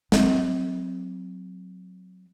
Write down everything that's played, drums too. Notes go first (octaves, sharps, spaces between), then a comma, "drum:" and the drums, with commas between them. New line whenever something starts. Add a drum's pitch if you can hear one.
F#3 C4, drum: snare